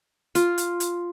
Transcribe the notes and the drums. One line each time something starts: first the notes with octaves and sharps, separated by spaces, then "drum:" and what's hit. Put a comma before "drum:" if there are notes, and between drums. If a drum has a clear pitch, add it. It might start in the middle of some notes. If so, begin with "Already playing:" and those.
F4, drum: hi-hat
drum: hi-hat
drum: hi-hat